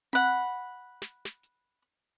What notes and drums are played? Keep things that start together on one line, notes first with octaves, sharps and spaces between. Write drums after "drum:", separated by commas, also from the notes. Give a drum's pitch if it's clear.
F#5 B5, drum: tom C4
drum: snare
drum: snare
drum: hi-hat